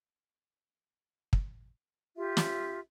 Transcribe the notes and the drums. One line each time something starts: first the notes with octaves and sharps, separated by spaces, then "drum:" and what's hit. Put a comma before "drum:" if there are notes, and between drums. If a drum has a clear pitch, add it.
drum: kick
F4 G4 E5
drum: snare